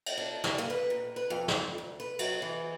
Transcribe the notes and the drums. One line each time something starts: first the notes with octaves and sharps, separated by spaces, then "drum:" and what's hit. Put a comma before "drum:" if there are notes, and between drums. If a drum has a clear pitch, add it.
drum: cymbal
D4
G3, drum: snare
A#3
B4
A#2
B4
F2
drum: snare
D2
B4
F#3, drum: cymbal
E3